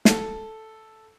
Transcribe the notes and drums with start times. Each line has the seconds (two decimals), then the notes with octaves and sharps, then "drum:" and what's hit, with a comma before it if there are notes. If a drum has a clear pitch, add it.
0.05 A4, drum: snare